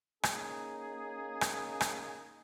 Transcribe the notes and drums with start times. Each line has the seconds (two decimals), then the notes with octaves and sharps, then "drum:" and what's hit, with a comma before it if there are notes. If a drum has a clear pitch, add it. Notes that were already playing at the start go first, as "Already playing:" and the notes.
0.23 A#3 C#4 D#4 G#4, drum: rim click
1.41 drum: rim click
1.81 drum: rim click